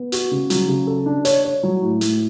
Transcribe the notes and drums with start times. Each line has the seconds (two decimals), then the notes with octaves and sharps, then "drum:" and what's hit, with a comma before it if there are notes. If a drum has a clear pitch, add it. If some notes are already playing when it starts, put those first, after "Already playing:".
Already playing: B3
0.12 F#4, drum: hi-hat
0.31 C#3
0.50 F#3, drum: hi-hat
0.68 C#3
0.87 A4
1.06 D4
1.25 C#5, drum: hi-hat
1.45 C#5
1.63 F#3
1.82 A2
2.01 A2, drum: hi-hat